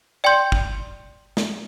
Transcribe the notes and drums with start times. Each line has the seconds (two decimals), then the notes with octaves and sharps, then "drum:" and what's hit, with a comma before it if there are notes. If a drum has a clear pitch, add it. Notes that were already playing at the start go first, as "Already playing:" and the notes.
0.24 D5 G5 C6 G6
0.52 drum: kick
1.37 drum: snare